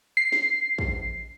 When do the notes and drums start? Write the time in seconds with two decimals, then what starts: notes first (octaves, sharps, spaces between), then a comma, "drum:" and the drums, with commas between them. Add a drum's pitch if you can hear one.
0.17 C7
0.32 drum: snare
0.78 drum: kick